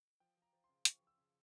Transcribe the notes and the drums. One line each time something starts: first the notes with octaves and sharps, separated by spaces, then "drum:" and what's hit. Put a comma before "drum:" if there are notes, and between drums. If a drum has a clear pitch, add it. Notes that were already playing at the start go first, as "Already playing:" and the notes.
F3 G5
F3 A#5
F3
C6
C#3
F3 C#6, drum: hi-hat
F3
E6
C#3